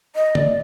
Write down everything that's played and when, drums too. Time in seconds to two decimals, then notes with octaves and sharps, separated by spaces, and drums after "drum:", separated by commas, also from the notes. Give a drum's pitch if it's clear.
0.15 D#5
0.35 D5, drum: tom